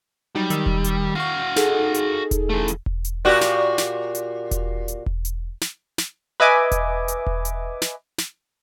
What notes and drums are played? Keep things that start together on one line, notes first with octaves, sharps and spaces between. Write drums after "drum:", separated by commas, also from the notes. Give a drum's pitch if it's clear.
F#3 G3 D#4
D#3 E6, drum: hi-hat
drum: kick E1
drum: hi-hat
F#4 F5 C#6 G6
D#4 G#4 A4, drum: snare
drum: hi-hat
drum: kick E1, hi-hat
E3 A3
drum: hi-hat
drum: kick E1
drum: hi-hat
A#2 F#4 G4
drum: snare
drum: snare
drum: hi-hat
drum: kick E1, hi-hat
drum: hi-hat
drum: kick E1
drum: hi-hat
drum: snare
drum: snare
B4 D#5 E5 G#5 D6
drum: kick E1, hi-hat
drum: hi-hat
drum: kick E1
drum: hi-hat
drum: snare
drum: snare